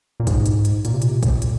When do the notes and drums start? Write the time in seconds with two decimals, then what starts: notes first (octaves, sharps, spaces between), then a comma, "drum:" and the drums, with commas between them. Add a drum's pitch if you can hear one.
0.20 A#2
0.27 G#2, drum: kick, hi-hat
0.46 drum: hi-hat
0.65 drum: hi-hat
0.85 A#2, drum: hi-hat
0.93 C3
1.02 A#2, drum: hi-hat
1.23 drum: kick, hi-hat
1.42 drum: hi-hat